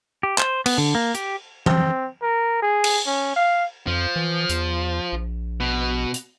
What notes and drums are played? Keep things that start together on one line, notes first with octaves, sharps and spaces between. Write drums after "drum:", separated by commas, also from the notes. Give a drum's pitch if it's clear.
G4
C5, drum: clap
B3, drum: cymbal
D3
A#3
G4, drum: hi-hat
C4, drum: tom
A#4
G#4
drum: cymbal
C#4
F5
F2 F3
E3
E2, drum: hi-hat
A#1
B2
drum: hi-hat